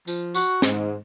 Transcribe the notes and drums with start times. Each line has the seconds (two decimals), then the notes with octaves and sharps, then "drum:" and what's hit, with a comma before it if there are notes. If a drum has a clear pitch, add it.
0.07 F3, drum: tambourine
0.34 F#4, drum: tambourine
0.62 G#2, drum: snare